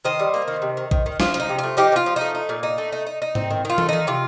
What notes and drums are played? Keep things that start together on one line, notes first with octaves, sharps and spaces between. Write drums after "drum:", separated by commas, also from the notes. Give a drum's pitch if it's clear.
D#3 C5 D#5
G3
A#3
D#3
C3
D#3
D#3, drum: kick A#1
D#3
F3 F4, drum: snare
F3, drum: hi-hat
D#4
C3
A3 F4
F3 D#4 G4
F3 F4
F3
A3 D#4
D#4
A#2
D#4
A3
D#4
D#4
D#4
C4, drum: tom G#2
D#3
D#3 F4
A3, drum: tom E3
D#3 D#4
C3 F4